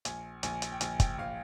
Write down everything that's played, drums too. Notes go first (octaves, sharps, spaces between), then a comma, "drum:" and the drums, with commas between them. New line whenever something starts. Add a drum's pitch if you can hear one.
A#1 G#5, drum: hi-hat
A#1 G#5, drum: hi-hat
drum: hi-hat
G5
A#1 G#5, drum: hi-hat
G5, drum: kick, hi-hat
A#1 F5